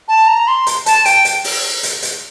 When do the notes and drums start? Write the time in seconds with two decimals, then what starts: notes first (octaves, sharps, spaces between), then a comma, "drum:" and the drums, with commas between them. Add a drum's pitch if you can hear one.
0.08 A5
0.28 A#5
0.48 C6
0.67 drum: hi-hat
0.86 A5, drum: hi-hat
1.05 G5, drum: hi-hat
1.25 drum: hi-hat
1.44 drum: open hi-hat
1.83 drum: hi-hat
2.03 drum: hi-hat